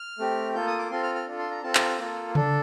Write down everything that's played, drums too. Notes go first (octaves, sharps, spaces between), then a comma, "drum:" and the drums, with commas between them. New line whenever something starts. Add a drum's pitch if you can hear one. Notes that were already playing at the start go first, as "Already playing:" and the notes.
Already playing: F6
A3 C4 G4
A#3 F4 A4 G6
D#6
D6
C4 F4 A4 C6
F6
F6
D4 F4 A4
C6
A#5
C4 F4 A4 A5
A#5, drum: clap
A#3 F4 A4
D4 A4, drum: tom C#3